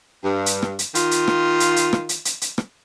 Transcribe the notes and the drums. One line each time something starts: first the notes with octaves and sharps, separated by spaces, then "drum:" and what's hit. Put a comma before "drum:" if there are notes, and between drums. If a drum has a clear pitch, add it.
G2
drum: hi-hat
drum: rim click
drum: hi-hat
D#3 F4, drum: hi-hat
drum: hi-hat
drum: rim click
drum: hi-hat
drum: hi-hat
drum: rim click
drum: hi-hat
drum: hi-hat
drum: hi-hat
drum: rim click